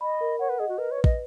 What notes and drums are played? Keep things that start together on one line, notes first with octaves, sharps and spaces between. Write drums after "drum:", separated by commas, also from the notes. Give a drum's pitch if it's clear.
D#5 B5
A#4
C#5 F#5
B4
G#4 D#5
F#4
A#4 B4
C#5
B4
D#5, drum: kick